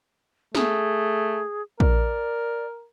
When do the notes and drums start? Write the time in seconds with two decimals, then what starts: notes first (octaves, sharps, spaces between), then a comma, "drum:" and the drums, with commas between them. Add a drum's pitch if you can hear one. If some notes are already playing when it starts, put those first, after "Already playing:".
0.55 A3 G#4, drum: snare
1.80 A#4 D5, drum: kick A#1